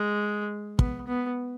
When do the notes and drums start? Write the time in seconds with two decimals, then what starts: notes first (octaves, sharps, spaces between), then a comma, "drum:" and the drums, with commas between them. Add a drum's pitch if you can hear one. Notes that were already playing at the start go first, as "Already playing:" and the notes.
Already playing: G#3
0.79 B3, drum: kick
1.07 B3